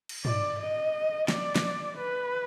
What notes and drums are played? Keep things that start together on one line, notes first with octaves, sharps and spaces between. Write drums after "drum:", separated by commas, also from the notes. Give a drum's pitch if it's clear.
drum: cymbal
D5, drum: tom
D#5
D5, drum: snare
drum: snare
B4